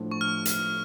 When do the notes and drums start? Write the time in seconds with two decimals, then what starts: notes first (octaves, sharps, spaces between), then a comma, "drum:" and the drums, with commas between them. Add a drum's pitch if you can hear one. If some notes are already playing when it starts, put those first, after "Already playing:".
Already playing: A2 F3 A3 D4
0.11 C#6
0.21 F6
0.45 drum: hi-hat